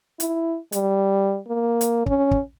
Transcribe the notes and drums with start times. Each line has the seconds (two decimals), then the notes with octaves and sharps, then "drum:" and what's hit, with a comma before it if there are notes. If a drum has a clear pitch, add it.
0.20 E4, drum: hi-hat
0.72 G3, drum: hi-hat
1.48 A#3
1.81 drum: hi-hat
2.06 C#4, drum: kick
2.31 drum: kick